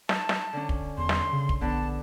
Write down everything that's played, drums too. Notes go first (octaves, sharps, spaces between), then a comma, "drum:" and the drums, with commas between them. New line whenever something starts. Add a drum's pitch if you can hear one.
A5, drum: snare
drum: snare
D3 C#4
drum: kick
E2 C6
drum: snare
C#3
drum: kick
A#1 D3 B3 A5